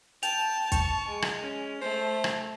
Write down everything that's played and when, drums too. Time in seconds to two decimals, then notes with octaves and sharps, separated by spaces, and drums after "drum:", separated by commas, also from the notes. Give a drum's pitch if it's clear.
0.23 G5 A5 F7, drum: hi-hat
0.72 C#6, drum: kick, hi-hat
1.08 G#3
1.22 drum: rim click
1.43 C#4
1.81 A3 C5
2.24 drum: rim click